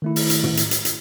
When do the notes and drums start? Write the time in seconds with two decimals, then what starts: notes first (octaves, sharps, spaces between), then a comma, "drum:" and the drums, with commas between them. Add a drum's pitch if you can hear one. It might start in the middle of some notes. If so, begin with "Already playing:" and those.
0.02 D#3 A3 E4
0.16 drum: open hi-hat
0.30 drum: hi-hat
0.43 drum: tom
0.57 drum: hi-hat
0.71 drum: hi-hat
0.85 drum: hi-hat